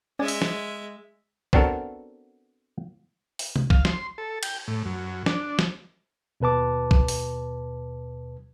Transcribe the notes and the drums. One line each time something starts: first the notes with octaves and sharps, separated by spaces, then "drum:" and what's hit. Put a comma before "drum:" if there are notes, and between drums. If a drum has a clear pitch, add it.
G#3 C#4 D5 E5 G#5
drum: open hi-hat
drum: snare
B3 C4 D4 F#4 A4 A#4, drum: kick A#1
drum: open hi-hat
drum: tom C3
F5, drum: kick A#1
C6, drum: snare
A4
G5, drum: cymbal
A2
F#2
D4, drum: snare
drum: snare
D#2 B2 B4 A5 D6
drum: kick A#1
drum: open hi-hat